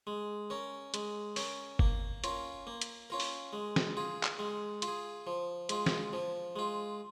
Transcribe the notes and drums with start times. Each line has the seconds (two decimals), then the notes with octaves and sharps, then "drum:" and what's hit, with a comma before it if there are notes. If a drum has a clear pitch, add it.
0.07 G#3
0.50 C#4 A#4
0.94 G#3, drum: hi-hat
1.36 C#4 A#4, drum: open hi-hat
1.79 A#3, drum: kick F#1
2.24 C#4 F4 A#4, drum: hi-hat
2.67 A#3
2.81 drum: hi-hat
3.10 C#4 F4 A#4
3.20 drum: open hi-hat
3.53 G#3
3.76 drum: snare
3.97 F4 G#4
4.23 drum: clap
4.39 G#3
4.82 F4, drum: hi-hat
4.88 G#4
5.27 F3
5.69 G#3 F4, drum: hi-hat
5.86 drum: snare
6.13 F3
6.56 G#3 F4